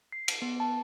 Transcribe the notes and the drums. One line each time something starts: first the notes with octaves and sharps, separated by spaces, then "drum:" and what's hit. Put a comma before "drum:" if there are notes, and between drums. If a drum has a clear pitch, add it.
C7
D7, drum: cymbal
B3
A5